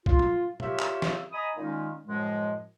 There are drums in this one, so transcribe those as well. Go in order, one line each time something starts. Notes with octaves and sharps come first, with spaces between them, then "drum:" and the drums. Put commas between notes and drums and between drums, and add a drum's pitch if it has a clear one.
F4, drum: kick
drum: tom
F4 G4 A#4 C#5 E5, drum: tom
drum: clap
drum: snare
D#5 G#5 A#5 B5 D#6
A#2 D#3 G#3 C#4 D#4
F#2 A2 F3 G#3